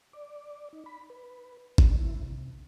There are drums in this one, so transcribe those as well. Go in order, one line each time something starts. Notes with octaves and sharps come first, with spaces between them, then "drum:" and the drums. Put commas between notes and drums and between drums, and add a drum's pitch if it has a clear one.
D5
D#4
B5
B4
D4, drum: kick G#1
E4
C3